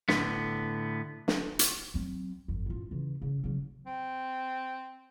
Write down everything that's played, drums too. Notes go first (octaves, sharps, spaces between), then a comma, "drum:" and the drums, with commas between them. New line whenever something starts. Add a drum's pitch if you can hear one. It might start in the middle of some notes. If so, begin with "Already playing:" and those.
A2 D3 B3, drum: snare
drum: snare
drum: hi-hat
F#3 C4
G1 F2
A1 F4
C#3 E3
C#3
C#3 F#3
C4